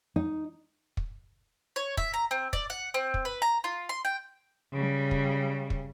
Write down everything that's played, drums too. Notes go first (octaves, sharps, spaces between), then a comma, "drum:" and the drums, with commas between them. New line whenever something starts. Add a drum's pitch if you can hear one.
D#4
drum: kick
C#5
E5, drum: kick
A#5
C4
D5, drum: kick
F#5
C4
drum: kick
B4
A#5
F4
C6
G5
C#3 G3
drum: kick
drum: kick